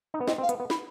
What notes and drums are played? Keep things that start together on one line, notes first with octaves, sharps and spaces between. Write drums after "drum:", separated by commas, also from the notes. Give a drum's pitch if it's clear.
D#4
B3
C4 D#5, drum: snare
C4
F5
B3, drum: hi-hat
B3
B5, drum: snare